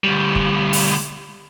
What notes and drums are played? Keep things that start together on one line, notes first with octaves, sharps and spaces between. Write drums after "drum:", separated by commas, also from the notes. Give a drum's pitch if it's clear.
D2 G3
drum: kick
drum: open hi-hat